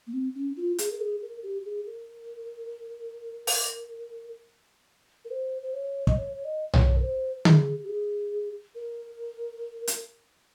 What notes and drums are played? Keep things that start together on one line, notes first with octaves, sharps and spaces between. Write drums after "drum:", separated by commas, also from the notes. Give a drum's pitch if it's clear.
A#3
C4
C#4
F4
G#4, drum: hi-hat
A#4
G#4
A#4
G4
G#4
A#4
drum: open hi-hat
A#4
C5
C5
C#5
D#5, drum: kick
C#5
C#5
D#5
C#5, drum: tom B1
A#4
C5
G#4, drum: tom D3
G4
G#4
A#4
drum: hi-hat